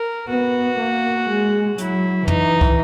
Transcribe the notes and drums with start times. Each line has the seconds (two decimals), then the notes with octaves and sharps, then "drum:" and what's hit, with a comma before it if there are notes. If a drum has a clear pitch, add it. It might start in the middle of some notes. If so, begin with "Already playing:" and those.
Already playing: A#4
0.29 B3 F#4
0.79 A#3
1.29 G#3
1.78 F#3 E4, drum: hi-hat
2.28 E3 D#4, drum: tom
2.61 drum: kick